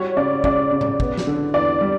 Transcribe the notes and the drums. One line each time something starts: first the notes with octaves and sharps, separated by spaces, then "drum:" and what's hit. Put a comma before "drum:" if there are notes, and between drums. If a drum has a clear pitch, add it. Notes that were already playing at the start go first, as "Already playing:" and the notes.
Already playing: G3 F#4 C#5
C#3 D5
C#3 D5, drum: kick
C#3
drum: tom A2
B3, drum: kick
drum: snare
D3
E2 D5
G3